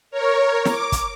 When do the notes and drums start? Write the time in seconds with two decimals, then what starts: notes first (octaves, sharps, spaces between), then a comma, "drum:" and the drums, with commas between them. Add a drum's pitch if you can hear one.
0.11 A#4 C#5
0.65 D6, drum: snare
0.92 drum: kick, hi-hat